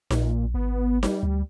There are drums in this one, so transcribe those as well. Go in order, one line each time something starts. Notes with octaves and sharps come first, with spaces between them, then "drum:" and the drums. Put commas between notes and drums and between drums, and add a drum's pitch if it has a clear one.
A#1 A#2, drum: snare D#4
G#1 B3
G3, drum: snare D#4
D2